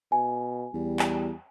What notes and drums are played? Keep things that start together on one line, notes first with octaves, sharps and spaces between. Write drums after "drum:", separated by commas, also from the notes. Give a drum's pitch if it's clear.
B2 G#5
E2 G3
drum: clap